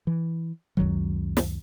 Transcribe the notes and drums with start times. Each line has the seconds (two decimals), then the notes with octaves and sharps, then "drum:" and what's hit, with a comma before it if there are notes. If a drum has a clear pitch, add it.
0.07 E3
0.77 C#2 F#2 D#3 F#3, drum: kick
1.37 drum: snare